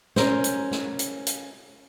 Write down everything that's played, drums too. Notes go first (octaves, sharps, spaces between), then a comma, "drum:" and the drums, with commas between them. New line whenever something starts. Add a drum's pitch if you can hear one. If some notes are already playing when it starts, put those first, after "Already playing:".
C#4 A#4 C5, drum: snare
drum: hi-hat
drum: snare
drum: hi-hat
drum: hi-hat